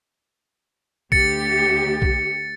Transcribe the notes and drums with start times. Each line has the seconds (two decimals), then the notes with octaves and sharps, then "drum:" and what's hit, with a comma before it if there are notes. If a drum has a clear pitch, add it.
1.12 D2 G4 A6 C#7, drum: kick B1
2.02 drum: kick B1